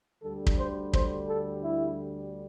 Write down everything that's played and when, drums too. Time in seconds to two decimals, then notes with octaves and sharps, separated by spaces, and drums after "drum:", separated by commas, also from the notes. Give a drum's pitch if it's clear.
0.23 D2 D3 G3 A4
0.47 drum: kick
0.58 C5
0.93 C5, drum: kick
1.29 A4
1.63 E4